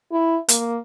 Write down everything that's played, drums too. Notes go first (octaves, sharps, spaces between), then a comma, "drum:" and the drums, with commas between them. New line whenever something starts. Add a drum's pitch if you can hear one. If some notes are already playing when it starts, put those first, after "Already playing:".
E4
A#3, drum: hi-hat